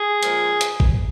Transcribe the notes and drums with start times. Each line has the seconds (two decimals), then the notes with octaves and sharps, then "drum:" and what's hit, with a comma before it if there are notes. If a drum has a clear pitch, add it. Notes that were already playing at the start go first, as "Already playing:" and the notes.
Already playing: G#4
0.23 A#2 F3 G#3, drum: hi-hat
0.61 drum: hi-hat
0.80 drum: kick A1